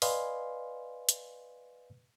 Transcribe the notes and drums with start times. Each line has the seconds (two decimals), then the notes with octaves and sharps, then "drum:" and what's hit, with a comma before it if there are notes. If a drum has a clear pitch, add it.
0.02 B4 D5 D#5 F5 G#5 C6, drum: open hi-hat
1.09 drum: hi-hat